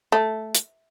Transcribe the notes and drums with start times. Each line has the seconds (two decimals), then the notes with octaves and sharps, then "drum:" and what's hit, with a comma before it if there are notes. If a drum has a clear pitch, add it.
0.12 A3
0.55 drum: hi-hat